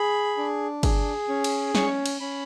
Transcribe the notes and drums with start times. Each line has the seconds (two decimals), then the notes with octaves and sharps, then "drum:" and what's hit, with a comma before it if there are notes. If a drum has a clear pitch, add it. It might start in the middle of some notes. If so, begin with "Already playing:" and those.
Already playing: G#4 B5
0.37 D4
0.83 G#4, drum: kick G1, cymbal
1.29 C#4
1.44 drum: cymbal
1.75 C#4 C#6, drum: snare
2.06 drum: cymbal
2.20 C#4 B5